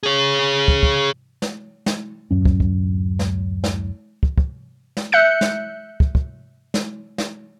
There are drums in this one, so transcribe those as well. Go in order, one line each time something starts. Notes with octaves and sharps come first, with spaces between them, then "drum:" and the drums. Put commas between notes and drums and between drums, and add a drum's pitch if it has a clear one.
G#4 C#5
drum: kick
drum: kick
drum: snare
drum: snare
D1 F#2 C#4
drum: kick
drum: kick
drum: snare
drum: snare
drum: kick
drum: kick
drum: snare
E5 F#6 G6 C#7
drum: snare
drum: kick
drum: kick
drum: snare
drum: snare